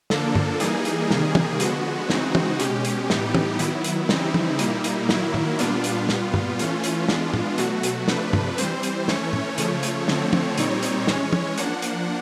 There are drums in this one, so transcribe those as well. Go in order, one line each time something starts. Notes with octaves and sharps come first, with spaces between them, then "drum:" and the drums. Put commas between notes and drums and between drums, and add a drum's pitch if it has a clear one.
D3 F3 A#3 D4 A4, drum: snare
drum: tom G2
E3 G3 A#3 D#4 G#4, drum: hi-hat
drum: hi-hat
C3 D#3 G3 A#3, drum: snare
drum: tom
D3 F3 G#3 B3 F#4, drum: hi-hat
C#3 E3 G#3 C4 D#4, drum: snare
drum: tom
B2 G#3 C#4 G4, drum: hi-hat
drum: hi-hat
A2 E3 G3 B3 D#4, drum: snare
drum: tom
D#3 F#3 B3 E4, drum: hi-hat
drum: hi-hat
C#3 E3 G3 C4 D#4, drum: snare
drum: tom
A#2 G3 A#3 D#4, drum: hi-hat
drum: hi-hat
D#3 F#3 A#3 E4, drum: snare
drum: tom A2
A#2 G3 B3 D4 F4, drum: hi-hat
drum: hi-hat
A#2 G3 B3, drum: snare
drum: tom G2
E3 A3 C#4, drum: hi-hat
drum: hi-hat
E3 G#3 B3 D4, drum: snare
drum: tom A2
B2 F#3 A3 F#4, drum: hi-hat
drum: hi-hat
C3 F3 A3 D4 B4, drum: snare
drum: tom G2
E3 G3 C4 C5, drum: hi-hat
drum: hi-hat
E3 A3 C#4 C#5, drum: snare
drum: tom A2
C#3 F3 A3, drum: hi-hat
drum: hi-hat
D3 F3 A3 C4, drum: snare
drum: tom
A#2 G3 C4 D#4 C#5, drum: hi-hat
drum: hi-hat
E3 G#3 C#4, drum: snare
drum: tom
F3 A#3 D4 F#5, drum: hi-hat
drum: hi-hat